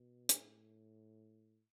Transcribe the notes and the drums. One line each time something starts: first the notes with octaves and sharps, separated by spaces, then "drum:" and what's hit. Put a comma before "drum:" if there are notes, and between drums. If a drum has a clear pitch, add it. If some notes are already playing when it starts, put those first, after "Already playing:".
Already playing: B2
A2, drum: hi-hat